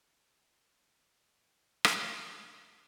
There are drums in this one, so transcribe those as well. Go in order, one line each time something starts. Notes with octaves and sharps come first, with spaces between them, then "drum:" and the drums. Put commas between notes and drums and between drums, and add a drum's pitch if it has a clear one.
C#4 E5 F5
drum: rim click